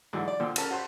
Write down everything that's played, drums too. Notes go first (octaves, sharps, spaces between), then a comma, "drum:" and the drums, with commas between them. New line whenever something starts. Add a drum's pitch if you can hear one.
G#2 D3 E3 F#3
D5
A#2 D3 F3 G5
C#4 A4 A#4, drum: cymbal
F#4 C5 A5 C6